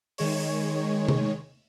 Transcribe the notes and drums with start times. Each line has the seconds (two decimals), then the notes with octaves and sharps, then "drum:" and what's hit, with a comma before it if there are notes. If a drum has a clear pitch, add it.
0.18 D#3 G#3 C#5, drum: open hi-hat
1.08 drum: tom C3